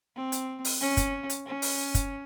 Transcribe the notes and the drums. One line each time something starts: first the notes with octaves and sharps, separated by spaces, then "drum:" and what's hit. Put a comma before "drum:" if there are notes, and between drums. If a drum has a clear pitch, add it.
C4
drum: hi-hat
drum: open hi-hat
C#4
drum: kick, hi-hat
drum: hi-hat
C#4
drum: open hi-hat
drum: kick, hi-hat